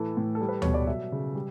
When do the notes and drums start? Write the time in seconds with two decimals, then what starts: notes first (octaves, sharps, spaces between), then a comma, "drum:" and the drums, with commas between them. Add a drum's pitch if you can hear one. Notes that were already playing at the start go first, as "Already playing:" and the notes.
Already playing: A2 E3 A4
0.17 A2
0.35 A4
0.41 G3
0.49 B4
0.62 B2 C#5, drum: tom D2
0.74 D5
0.87 F#3 E5
1.12 C#3
1.35 G3